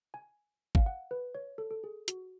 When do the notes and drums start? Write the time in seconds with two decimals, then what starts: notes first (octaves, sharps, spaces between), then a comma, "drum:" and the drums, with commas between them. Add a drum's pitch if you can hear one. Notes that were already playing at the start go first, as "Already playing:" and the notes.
0.14 G#5
0.75 F5, drum: kick G1
0.86 F#5
1.11 B4
1.35 C#5
1.58 A4
1.71 A4
1.84 G#4
2.08 F#4, drum: hi-hat